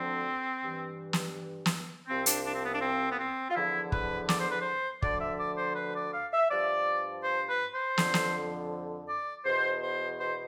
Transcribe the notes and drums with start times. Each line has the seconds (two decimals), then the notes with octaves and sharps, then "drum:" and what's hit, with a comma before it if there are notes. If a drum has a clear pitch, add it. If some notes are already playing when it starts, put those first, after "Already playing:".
Already playing: D2 D3 F3 C4
0.60 G2 E3
1.13 drum: snare
1.66 drum: snare
2.08 C2 C3 F3 C4
2.26 D4, drum: hi-hat
2.45 D4
2.55 C4
2.64 B3
2.73 D4
2.81 C4
3.10 B3
3.19 C4
3.49 F4
3.55 E2 D3 F3 E4
3.92 B4, drum: kick
4.29 D5, drum: snare
4.39 C5
4.50 B4
4.61 C5
5.02 D2 D3 F3 D5, drum: kick
5.21 E5
5.39 D5
5.58 C5
5.76 B4
5.95 D5
6.13 F5
6.32 E5
6.50 G2 F3 D5
7.24 C5
7.49 B4
7.74 C5
7.98 F2 D3 F3, drum: snare
8.14 drum: snare
9.08 D5
9.45 E2 B2 C5
9.81 C5
10.19 C5